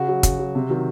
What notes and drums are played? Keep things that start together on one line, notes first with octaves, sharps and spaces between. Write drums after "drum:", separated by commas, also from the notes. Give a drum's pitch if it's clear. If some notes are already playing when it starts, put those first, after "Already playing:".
Already playing: C#3 F#4
F#3
C#3, drum: kick, hi-hat
F#3
C3
D#3 F#3